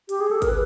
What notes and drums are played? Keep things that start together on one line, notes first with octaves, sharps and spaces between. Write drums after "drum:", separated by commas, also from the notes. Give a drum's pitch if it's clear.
G4, drum: hi-hat
G#4
A4
A#4, drum: kick G1, hi-hat
B4